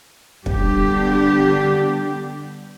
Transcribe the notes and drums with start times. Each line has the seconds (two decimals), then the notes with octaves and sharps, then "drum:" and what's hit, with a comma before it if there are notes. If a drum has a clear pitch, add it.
0.46 D3 G3 B3 D4 G4, drum: kick